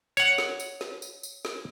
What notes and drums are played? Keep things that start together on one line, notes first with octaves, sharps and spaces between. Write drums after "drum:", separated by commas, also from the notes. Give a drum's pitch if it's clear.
C#5 F#5, drum: tambourine
drum: snare
drum: tambourine
drum: snare
drum: tambourine
drum: tambourine
drum: snare